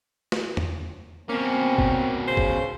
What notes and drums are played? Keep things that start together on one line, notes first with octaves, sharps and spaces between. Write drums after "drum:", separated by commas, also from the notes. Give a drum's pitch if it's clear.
drum: snare
drum: tom E2
B2 A#3 C4 C#4
drum: kick
C#3 C5
drum: kick